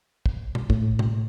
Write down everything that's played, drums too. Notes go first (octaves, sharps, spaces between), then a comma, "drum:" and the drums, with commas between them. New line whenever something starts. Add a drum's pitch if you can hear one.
drum: kick
drum: tom A#2
A2, drum: kick
drum: tom A#2